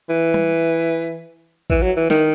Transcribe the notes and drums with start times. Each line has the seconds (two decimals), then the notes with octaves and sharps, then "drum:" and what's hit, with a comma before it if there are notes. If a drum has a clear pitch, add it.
0.09 E3
0.34 drum: tom G3
1.70 E3, drum: kick
1.82 F#3
1.97 E3
2.10 D#3, drum: snare